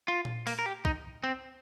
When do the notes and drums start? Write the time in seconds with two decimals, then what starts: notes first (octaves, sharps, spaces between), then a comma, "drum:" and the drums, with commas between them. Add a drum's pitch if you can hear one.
0.08 F4
0.25 drum: tom A#2
0.47 A#3, drum: open hi-hat
0.59 A#4
0.66 G4
0.85 D#4, drum: kick B1
1.24 C4